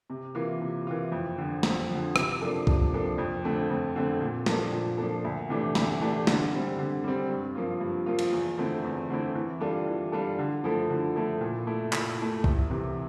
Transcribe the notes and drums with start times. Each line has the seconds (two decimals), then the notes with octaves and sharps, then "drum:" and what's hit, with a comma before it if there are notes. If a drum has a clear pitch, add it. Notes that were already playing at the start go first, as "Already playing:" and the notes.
0.10 C3
0.35 E3 A#3 F4
0.61 C3
0.87 E3 A#3 F4
1.12 F2
1.38 D3 F3
1.63 F2, drum: snare
1.89 D3 F3
2.16 C3, drum: rim click
2.42 F3 A#3 D4 A4
2.67 C3, drum: kick
2.93 F3 A#3 D4 A4
3.18 F2
3.44 D3 A3 C4
3.70 F2
3.96 D3 A3 C4
4.21 A#2
4.46 F3 A#3 D4 A4, drum: snare
4.72 A#2
4.98 F3 A#3 D4 A4
5.24 D2
5.49 C3 E3 A3 D4
5.75 D2, drum: snare
6.01 C3 E3 A3 D4
6.27 D3, drum: snare
6.52 G3 C4
6.78 D3
7.04 G3 C4
7.30 G2
7.55 F3 A#3 F4
7.80 G2
8.06 F3 A#3 F4
8.19 drum: cymbal
8.32 E2
8.58 D3 A3 C4 E4
8.84 E2
9.10 D3 A3 C4 E4
9.35 E3
9.61 G3 D4 F4 A4
9.87 E3
10.12 G3 D4 F4 A4
10.39 D3
10.64 F3 A3 E4 A4
10.90 D3
11.16 F3 A3 E4 A4
11.41 A#2
11.67 A3 E4
11.93 A#2, drum: clap
12.18 A3 E4
12.44 C2, drum: kick
12.70 C3 E3